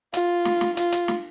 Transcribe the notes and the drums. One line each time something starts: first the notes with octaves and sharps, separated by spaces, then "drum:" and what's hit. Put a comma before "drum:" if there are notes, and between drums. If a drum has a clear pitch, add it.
F4, drum: hi-hat
drum: snare
drum: snare
F4, drum: hi-hat
drum: hi-hat
drum: snare